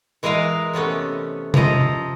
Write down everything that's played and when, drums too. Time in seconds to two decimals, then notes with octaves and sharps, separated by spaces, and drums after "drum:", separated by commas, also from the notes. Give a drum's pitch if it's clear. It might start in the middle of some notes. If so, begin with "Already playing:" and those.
0.23 E3 G#3 A#4 D#5 F5
0.73 C3 A3 B3 C#4
1.54 F3 E4 F4 D#5 A#5, drum: tom C3